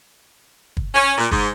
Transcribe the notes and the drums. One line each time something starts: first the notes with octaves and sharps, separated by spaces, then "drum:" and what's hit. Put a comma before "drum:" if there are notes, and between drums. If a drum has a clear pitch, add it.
drum: kick
C#4
A#2
G#2, drum: kick